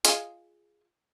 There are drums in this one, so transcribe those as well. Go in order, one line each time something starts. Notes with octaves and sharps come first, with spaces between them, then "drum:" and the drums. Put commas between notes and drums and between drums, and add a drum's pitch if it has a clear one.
F4 G#4 D#5, drum: hi-hat